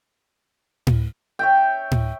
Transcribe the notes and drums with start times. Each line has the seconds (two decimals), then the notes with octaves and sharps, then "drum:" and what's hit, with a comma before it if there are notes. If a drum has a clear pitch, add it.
0.87 drum: tom A2
1.39 C#5 E5 G5
1.91 drum: tom A2